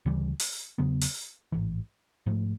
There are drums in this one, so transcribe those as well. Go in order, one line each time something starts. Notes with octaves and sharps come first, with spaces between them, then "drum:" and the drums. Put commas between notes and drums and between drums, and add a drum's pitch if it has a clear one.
D2 C#3 E3 G3
drum: open hi-hat
E2 C#3 F#3 B3
drum: open hi-hat
A1 G#2 E3
G#2 F3 A3